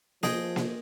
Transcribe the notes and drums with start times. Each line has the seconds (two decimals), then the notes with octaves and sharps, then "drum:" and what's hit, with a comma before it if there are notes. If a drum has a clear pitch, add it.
0.23 F3 G#4 D#5 G5, drum: snare A#3
0.56 drum: snare A#3